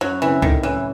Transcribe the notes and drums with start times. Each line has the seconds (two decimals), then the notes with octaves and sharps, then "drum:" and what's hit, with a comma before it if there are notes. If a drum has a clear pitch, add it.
0.01 F#2 F#3
0.22 C#3 E3 F#3 C4
0.42 A2 D#3, drum: kick C2
0.63 E3 F#3 C#4 E4